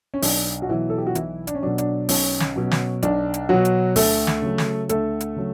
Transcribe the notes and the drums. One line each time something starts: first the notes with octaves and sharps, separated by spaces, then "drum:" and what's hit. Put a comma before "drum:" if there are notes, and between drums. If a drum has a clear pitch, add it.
C#4
B1 D4, drum: open hi-hat
F#4
B2 E3 F#3 E4
A4
G4
F#4
B1 E3 E4, drum: hi-hat
D4, drum: hi-hat
C#4
B2 F#3 D4
D4, drum: hi-hat
B1 C#4, drum: open hi-hat
drum: snare
B2 F#3
drum: snare
B1 D4, drum: hi-hat
drum: hi-hat
B2 F#3 F#4
drum: hi-hat
D2 A3 A4, drum: open hi-hat
drum: snare
C#3 F#3
drum: snare
D2 A3 A4, drum: hi-hat
drum: hi-hat
C#3 F#3